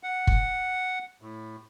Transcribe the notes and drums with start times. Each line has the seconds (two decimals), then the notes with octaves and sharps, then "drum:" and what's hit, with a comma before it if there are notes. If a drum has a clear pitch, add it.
0.03 F#5
0.27 drum: kick
1.22 A2